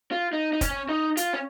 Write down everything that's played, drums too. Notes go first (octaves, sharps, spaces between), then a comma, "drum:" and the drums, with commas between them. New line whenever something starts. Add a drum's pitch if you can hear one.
F4
D#4
D#4
C#4, drum: kick, hi-hat
D#4
F4, drum: hi-hat
C#4